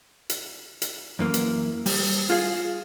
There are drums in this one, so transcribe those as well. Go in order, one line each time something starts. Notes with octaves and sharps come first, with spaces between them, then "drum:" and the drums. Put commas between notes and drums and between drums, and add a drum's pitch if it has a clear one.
drum: hi-hat
drum: hi-hat
F#2 E3 A#3
drum: hi-hat
G3, drum: open hi-hat
F4 G#4 F5